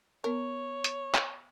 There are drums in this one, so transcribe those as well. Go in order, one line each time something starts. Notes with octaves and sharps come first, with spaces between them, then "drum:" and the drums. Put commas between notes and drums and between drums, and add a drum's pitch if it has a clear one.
B3 A#4 C#5 A#5
drum: hi-hat
drum: clap